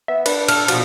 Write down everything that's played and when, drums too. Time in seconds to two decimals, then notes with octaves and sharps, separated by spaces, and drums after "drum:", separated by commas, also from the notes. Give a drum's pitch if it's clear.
0.08 B3 E5
0.26 D4 B4, drum: cymbal
0.49 A4 F6, drum: cymbal
0.68 B2 F3 F#4, drum: cymbal